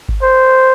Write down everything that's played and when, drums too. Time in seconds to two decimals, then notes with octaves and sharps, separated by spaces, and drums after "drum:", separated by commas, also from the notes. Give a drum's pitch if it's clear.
0.09 drum: kick G#1
0.22 C5